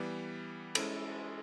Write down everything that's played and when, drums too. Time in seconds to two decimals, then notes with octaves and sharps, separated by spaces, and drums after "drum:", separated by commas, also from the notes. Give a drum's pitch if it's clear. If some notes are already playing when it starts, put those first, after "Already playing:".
Already playing: E3 G3 B3
0.75 G#3 C#4 E4 A4, drum: cymbal